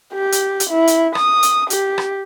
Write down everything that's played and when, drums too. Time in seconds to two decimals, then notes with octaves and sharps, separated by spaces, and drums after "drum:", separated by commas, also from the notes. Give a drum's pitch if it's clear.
0.13 G4
0.32 drum: hi-hat
0.60 drum: hi-hat
0.70 E4
0.87 drum: hi-hat
1.15 D#6, drum: rim click
1.43 drum: hi-hat
1.70 G4, drum: hi-hat
1.98 drum: rim click